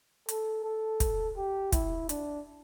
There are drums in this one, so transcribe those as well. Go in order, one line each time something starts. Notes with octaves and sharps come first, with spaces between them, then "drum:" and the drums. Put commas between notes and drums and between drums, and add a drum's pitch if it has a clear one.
A4, drum: hi-hat
A4
drum: kick, hi-hat
G4
E4, drum: kick, hi-hat
D4, drum: hi-hat